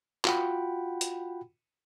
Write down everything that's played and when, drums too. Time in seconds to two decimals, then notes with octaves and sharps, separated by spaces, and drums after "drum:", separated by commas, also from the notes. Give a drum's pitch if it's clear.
0.25 F4 F#4 F#5 G5 B5, drum: clap
1.01 drum: hi-hat